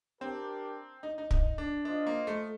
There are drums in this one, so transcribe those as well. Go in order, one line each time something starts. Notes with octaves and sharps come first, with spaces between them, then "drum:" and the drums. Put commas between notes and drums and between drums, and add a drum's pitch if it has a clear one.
C4 D4 G4 A#4
D#4
D#4
D#4, drum: kick
D4
D4 F4 C5 D#5
A#3
A3